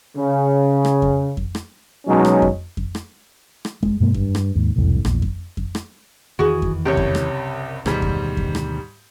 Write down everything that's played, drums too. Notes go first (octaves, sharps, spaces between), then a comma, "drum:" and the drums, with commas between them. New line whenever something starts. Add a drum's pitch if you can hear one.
C#3
drum: rim click
drum: kick F2
drum: kick F2
drum: rim click
B2 F#3 G#3 C#4 D#4
drum: rim click
drum: kick F2
drum: kick F2
drum: rim click
drum: rim click
G#3, drum: kick F2
G2 B2 G#3 A#3
G2, drum: kick F2
drum: rim click
D#2 G#2
E1 C2 F2 A2
A#1 E2, drum: rim click
drum: kick F2
drum: kick F2
drum: rim click
E2 D#3 E3 F#4 G#4
drum: kick F2
F#1 C2 G4 C#5
drum: kick F2
drum: rim click
D2 G#2 B2 D#3 G3, drum: rim click
drum: kick F2
drum: kick F2
drum: rim click